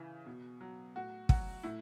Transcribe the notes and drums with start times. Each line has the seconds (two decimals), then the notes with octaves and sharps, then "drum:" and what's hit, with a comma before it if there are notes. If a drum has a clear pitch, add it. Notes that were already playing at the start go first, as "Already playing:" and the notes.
Already playing: C#3 E3
0.26 B2
0.61 F#3
0.96 A2 F#4
1.29 F#3 F#4, drum: kick
1.63 A2 E4